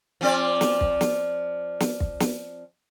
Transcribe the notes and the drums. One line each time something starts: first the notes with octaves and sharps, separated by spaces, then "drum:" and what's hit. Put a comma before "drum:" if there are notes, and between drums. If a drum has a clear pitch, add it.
F3 C4 D5
drum: snare
drum: kick
drum: snare
drum: snare
drum: kick
drum: snare